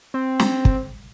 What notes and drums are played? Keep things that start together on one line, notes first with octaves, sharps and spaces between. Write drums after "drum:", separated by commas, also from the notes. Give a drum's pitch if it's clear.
C4
drum: snare
drum: kick